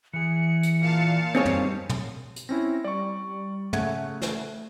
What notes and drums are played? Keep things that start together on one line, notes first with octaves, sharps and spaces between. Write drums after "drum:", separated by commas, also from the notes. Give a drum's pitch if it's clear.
E3 G#4 C#7
drum: hi-hat
A#2 F5 A5
G3 C4 D#4 G#4 C#5
drum: tom
drum: tom
drum: hi-hat
C4 C#4 E4 A#6
G3 D5 C#6
C#3 A3 F#5 G#6, drum: tom
drum: snare